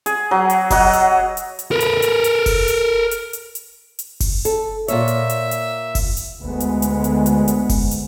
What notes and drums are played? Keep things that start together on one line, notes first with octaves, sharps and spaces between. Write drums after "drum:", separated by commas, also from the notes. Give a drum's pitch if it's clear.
G#4, drum: hi-hat
F#3
drum: hi-hat
F#3 D#5 F#5, drum: kick F#1, open hi-hat
drum: hi-hat
drum: hi-hat
drum: hi-hat
A#4 B4
drum: hi-hat
drum: hi-hat
drum: hi-hat
drum: kick F#1, open hi-hat
drum: hi-hat
drum: hi-hat
drum: hi-hat
drum: hi-hat
drum: hi-hat
drum: kick F#1, open hi-hat
A4, drum: hi-hat
A#2 A#3 C#5 E5, drum: hi-hat
drum: hi-hat
drum: hi-hat
drum: hi-hat
drum: kick F#1, open hi-hat
drum: hi-hat
D2 G#3 B3
drum: hi-hat
drum: hi-hat
drum: hi-hat
drum: hi-hat
drum: hi-hat
drum: kick F#1, open hi-hat
drum: hi-hat